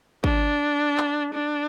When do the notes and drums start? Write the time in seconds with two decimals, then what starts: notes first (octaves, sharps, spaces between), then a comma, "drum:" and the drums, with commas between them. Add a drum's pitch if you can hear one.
0.24 D4, drum: kick
0.98 drum: clap
1.34 D4